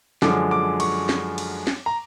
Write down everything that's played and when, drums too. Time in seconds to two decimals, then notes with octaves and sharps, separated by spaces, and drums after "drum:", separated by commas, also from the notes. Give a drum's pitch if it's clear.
0.22 F#2 D3 F3 G#3 D6, drum: snare
0.51 D6
0.80 C#6, drum: cymbal
1.09 drum: snare
1.38 drum: cymbal
1.67 drum: snare
1.86 A#5